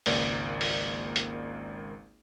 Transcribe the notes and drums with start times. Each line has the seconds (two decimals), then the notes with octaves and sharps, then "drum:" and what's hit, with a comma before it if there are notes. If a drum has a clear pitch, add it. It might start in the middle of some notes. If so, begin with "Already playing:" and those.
0.06 G#1 C#2 A#3 D5, drum: open hi-hat
0.61 drum: open hi-hat
1.16 drum: hi-hat